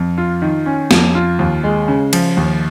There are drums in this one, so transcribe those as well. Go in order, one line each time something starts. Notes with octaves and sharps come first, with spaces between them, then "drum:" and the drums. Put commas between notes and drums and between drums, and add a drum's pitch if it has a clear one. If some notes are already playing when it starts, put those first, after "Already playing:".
Already playing: F2
F4
D#3
C#4
F2, drum: snare
F4
D#2
G#3
C#3
F3, drum: cymbal
D#2